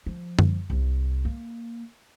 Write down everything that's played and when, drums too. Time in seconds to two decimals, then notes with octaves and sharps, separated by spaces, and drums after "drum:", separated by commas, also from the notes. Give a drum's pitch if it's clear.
0.06 F3
0.39 drum: tom F#2
0.70 C2
1.25 A#3